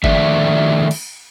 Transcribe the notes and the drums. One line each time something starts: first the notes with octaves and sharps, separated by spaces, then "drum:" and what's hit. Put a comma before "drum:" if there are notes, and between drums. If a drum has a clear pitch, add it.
D#3 F3 A3 D4 E5, drum: kick G1
drum: cymbal